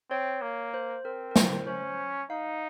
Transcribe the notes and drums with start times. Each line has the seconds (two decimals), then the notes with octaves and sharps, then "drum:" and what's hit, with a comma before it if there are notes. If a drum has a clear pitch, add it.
0.10 C4 C#5
0.41 A#3
0.74 C5
1.05 C4 A#4
1.31 A#4
1.36 C5, drum: snare
1.66 C#4 C5
2.30 D#4 F5